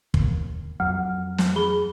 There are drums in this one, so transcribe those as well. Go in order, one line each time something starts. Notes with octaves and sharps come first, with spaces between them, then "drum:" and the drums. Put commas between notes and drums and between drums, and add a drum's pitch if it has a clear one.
D#2, drum: kick
F2 F#3 F#5 F6
drum: snare
G#4 B5 G7